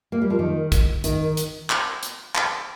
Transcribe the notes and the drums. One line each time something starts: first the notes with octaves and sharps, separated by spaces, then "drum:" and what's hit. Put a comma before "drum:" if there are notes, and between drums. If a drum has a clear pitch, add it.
A#3
G3
F3
D#3
drum: kick, hi-hat
D#3, drum: hi-hat
drum: hi-hat
drum: clap
drum: hi-hat
drum: clap